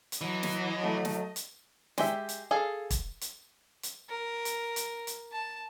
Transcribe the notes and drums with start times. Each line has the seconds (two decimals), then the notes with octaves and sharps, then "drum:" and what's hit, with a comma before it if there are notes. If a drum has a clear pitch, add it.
0.12 drum: hi-hat
0.21 E3 F#3 D#5
0.43 drum: snare
0.78 F#3 A3
1.05 drum: snare
1.36 drum: hi-hat
1.98 G#3 G4 E5, drum: snare
2.29 drum: hi-hat
2.51 G#4 A4 F5
2.90 drum: kick, hi-hat
3.21 drum: hi-hat
3.83 drum: hi-hat
4.09 A#4
4.45 drum: hi-hat
4.76 drum: hi-hat
5.07 drum: hi-hat
5.32 A5